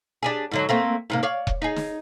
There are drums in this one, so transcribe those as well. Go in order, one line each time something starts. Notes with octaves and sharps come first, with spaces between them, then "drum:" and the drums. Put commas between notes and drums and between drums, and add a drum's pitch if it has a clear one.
D4 G4 G#4
G#2 D3 F#3
A3 A#3 C4
G#2 C3 A#3
C#5 D5 F5
drum: kick E1
D#4 G#4
drum: snare